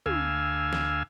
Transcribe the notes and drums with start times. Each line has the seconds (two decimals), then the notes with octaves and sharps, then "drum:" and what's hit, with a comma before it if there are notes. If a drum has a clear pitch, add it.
0.06 D2 F5 G#5 E6, drum: tom
0.73 drum: snare